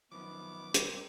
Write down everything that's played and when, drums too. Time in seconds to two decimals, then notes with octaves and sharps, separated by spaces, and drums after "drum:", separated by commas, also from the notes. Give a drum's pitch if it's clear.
0.12 F#2 D#3 F3 B3 D6
0.74 G2 G3 G#3 C4 A#4, drum: hi-hat